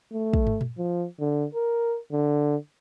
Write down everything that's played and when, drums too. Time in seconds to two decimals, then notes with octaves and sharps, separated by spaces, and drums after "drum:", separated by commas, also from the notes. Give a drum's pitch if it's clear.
0.13 A3
0.33 drum: kick
0.47 drum: tom
0.61 drum: tom A#2
0.78 F3
1.20 D3
1.55 A#4
2.12 D3